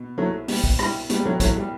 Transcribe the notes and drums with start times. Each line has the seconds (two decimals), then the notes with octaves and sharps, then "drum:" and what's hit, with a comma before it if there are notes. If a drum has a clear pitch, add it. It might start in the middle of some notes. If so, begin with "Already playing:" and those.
Already playing: B2
0.18 C2 F#3 A3
0.48 B2 G3, drum: open hi-hat
0.64 drum: kick
0.79 C2 G3, drum: rim click
1.10 B2 G3, drum: hi-hat
1.20 G3
1.25 F#3 A3
1.40 C2 F#3 A3, drum: kick, hi-hat
1.56 G3